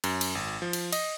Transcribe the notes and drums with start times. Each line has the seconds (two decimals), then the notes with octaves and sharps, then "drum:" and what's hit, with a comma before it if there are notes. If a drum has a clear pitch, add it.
0.04 F#2, drum: cymbal
0.21 drum: cymbal
0.35 G#1
0.62 F3
0.73 drum: cymbal
0.93 D#5, drum: cymbal